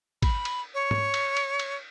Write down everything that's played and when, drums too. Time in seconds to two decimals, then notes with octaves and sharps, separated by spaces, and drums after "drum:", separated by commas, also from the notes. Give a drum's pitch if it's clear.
0.22 B5, drum: kick, cymbal
0.45 drum: cymbal
0.74 C#5
0.91 drum: tom
1.14 drum: cymbal
1.37 drum: cymbal
1.59 drum: cymbal